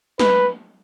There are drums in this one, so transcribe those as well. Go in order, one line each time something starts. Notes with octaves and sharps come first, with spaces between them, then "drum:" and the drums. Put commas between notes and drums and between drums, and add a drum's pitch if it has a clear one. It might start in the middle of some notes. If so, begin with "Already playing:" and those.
B4, drum: snare